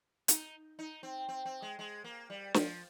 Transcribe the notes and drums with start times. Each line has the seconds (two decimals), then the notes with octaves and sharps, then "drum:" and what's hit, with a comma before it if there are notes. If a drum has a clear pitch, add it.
0.28 D#4, drum: hi-hat
0.79 D#4
1.03 C4
1.29 C4
1.45 C4
1.62 G#3
1.79 G#3
2.04 A#3
2.30 G3
2.54 F3, drum: snare